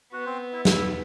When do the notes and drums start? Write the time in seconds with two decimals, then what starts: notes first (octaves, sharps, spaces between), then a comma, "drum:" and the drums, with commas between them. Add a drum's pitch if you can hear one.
0.13 B3 F#4 F#5
0.26 C4 C5
0.53 E4 E5
0.65 E4 E5, drum: snare